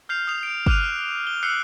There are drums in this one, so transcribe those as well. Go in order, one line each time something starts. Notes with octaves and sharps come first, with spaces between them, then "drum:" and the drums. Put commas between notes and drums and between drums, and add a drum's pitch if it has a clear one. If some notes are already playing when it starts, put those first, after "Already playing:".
F6 G6 C7 F7
D#6 C7 F7
D7
D6 F6 F#6 D#7 F7, drum: kick
G7
E6 F#6 C7 C#7 G7